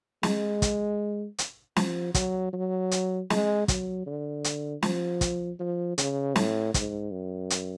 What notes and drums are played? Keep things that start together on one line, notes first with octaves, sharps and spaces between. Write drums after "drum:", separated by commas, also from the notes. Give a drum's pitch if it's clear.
G#3, drum: snare
drum: kick, hi-hat
drum: hi-hat
F3, drum: snare
F#3, drum: kick, hi-hat
F#3
drum: hi-hat
G#3, drum: snare
F#3, drum: kick, hi-hat
D3
drum: hi-hat
F3, drum: snare
drum: kick, hi-hat
F3
C#3, drum: hi-hat
A2, drum: snare
G#2, drum: kick, hi-hat
F#2
drum: hi-hat